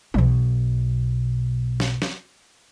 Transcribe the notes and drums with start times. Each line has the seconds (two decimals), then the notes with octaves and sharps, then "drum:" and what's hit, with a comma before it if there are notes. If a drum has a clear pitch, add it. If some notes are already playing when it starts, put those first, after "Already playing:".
0.14 B1 B2, drum: tom E3
1.80 drum: snare
2.02 drum: snare